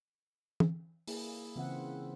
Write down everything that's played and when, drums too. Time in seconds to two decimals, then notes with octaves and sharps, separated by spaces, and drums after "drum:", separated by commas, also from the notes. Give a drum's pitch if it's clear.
0.60 drum: tom
1.08 A#3 E4 G#4, drum: open hi-hat
1.56 C#3 E3 C4 F4 E5 F#5